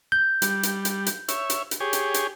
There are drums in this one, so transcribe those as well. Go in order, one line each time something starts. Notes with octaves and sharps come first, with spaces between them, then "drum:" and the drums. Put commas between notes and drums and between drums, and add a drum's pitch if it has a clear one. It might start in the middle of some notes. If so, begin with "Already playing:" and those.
G6
G3, drum: hi-hat
drum: hi-hat
drum: hi-hat
drum: hi-hat
C#5 E5, drum: hi-hat
drum: hi-hat
drum: hi-hat
G4 G#4 C#5
drum: hi-hat
drum: hi-hat